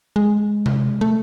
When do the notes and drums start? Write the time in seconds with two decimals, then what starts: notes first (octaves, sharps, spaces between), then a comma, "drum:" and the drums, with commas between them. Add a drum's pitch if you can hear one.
0.16 G#3
0.66 drum: tom C3
1.01 A3